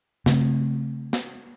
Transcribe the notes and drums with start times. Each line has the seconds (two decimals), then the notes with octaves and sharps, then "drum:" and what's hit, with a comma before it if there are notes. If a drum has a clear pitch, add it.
0.26 C#3 A3 C4, drum: snare
1.13 drum: snare